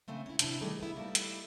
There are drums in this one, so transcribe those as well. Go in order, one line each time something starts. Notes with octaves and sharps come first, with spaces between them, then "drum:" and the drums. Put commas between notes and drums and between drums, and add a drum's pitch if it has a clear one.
C#3 A3 C4 G#5
C#4 E4
C3 D4 E4, drum: hi-hat
D#3 G3 A3 D#4 G#4 B4
B3 E4
G3 A3 A#3 D#4 E4 A4
drum: hi-hat